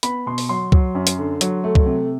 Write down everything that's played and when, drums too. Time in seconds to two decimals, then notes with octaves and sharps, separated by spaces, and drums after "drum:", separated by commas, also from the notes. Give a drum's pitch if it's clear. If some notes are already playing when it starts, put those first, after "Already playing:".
0.03 B3 B5, drum: hi-hat
0.26 B2 C6
0.38 drum: open hi-hat
0.49 F#3 C6
0.72 F#3, drum: kick C2
0.95 F#2
1.07 drum: hi-hat
1.18 D3
1.41 F#3, drum: hi-hat
1.64 A3
1.75 drum: kick C2
1.86 C3